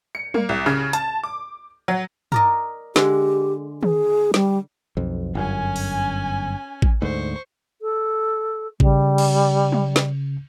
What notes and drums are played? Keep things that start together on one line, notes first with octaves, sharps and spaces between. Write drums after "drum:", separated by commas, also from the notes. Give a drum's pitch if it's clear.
C#7
A#3, drum: tom F#3
C2
C#3
A5, drum: hi-hat
D6
F#3
A#4 D5 D#5, drum: tom G2
D3 G#3 G4, drum: snare
G#4, drum: tom D#3
G3, drum: snare
B1 F2
G1 F#2 C#4 G#5
drum: open hi-hat
drum: kick A1
D2 G#2 C5 C#6
A4
C#3 G3, drum: kick A1
drum: cymbal
drum: tom F#3
drum: snare